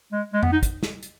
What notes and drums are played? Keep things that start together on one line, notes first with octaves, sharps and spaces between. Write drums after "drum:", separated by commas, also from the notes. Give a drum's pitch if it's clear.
G#3
G#3
B3, drum: tom F2
D#4
drum: kick, hi-hat
drum: snare
drum: hi-hat